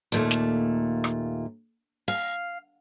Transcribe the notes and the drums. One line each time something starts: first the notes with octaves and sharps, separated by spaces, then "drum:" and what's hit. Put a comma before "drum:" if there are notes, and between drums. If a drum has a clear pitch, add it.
D#2 A#2 A3, drum: hi-hat
drum: snare
drum: rim click
F5, drum: open hi-hat